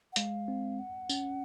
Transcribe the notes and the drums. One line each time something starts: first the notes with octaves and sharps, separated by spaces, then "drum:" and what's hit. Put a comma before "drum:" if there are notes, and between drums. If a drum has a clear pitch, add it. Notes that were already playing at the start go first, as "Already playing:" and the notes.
F#5
G#3 F5, drum: hi-hat
C4
F#5
C#4, drum: tambourine